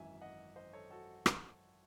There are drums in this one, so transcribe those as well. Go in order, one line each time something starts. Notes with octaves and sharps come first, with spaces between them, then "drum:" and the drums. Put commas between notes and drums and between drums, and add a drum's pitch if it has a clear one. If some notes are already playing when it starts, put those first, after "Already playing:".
Already playing: G#1 F#2 E3 E5 G#5
D#5 F#5
C5 D#5
A4 C#5
F#4 A4
drum: rim click